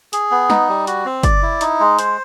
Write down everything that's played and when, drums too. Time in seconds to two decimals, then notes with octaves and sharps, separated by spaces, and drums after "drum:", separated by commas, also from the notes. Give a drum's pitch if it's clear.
0.13 G#4, drum: hi-hat
0.31 B3
0.50 D#4, drum: snare
0.69 G3
0.87 F#4, drum: hi-hat
1.05 C4
1.23 D5, drum: kick, hi-hat
1.43 E4
1.61 D#4, drum: hi-hat
1.80 G#3
1.99 C5, drum: hi-hat